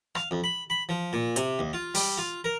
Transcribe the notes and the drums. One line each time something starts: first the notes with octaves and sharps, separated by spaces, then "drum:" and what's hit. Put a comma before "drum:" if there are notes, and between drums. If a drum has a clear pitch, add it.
F5, drum: rim click
F2
B5
B5
F3
A#2
C3, drum: hi-hat
D#2
F4
G3, drum: open hi-hat
F4
A#4